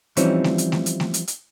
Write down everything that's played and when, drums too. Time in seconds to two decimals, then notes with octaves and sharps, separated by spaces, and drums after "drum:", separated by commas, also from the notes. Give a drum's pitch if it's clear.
0.17 E3 F3 G3 C4 C#4 D#4, drum: hi-hat
0.44 drum: snare A3
0.58 drum: hi-hat
0.72 drum: snare A3
0.86 drum: hi-hat
1.00 drum: snare A3
1.14 drum: hi-hat
1.28 drum: hi-hat